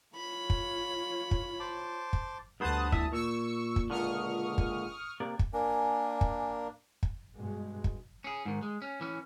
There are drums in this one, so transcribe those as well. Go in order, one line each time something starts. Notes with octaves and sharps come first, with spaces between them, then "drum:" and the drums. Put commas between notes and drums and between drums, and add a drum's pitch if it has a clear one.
F4 C#5 B5
drum: kick
drum: kick
C5 A5 D6
drum: kick
D2 G2 B3 C5 A5 D#6
B2 E3 E5, drum: kick
A#2 C#6 E6 C#7
drum: kick
C#2 A#2 D3 C#6 D#6 F6
drum: kick
C3 A#3 D5
drum: kick
A#3 D4 A#4 G#5
drum: kick
drum: kick
G2 B2 G#3
drum: kick
C#4 G#4
G#2 D#3
G#3
C#4
E3 C#4